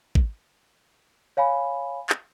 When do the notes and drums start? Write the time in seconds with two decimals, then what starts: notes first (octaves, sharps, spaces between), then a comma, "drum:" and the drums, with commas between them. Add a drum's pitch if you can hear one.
0.15 drum: kick
1.37 C#5 F5 G#5 B5
2.10 drum: clap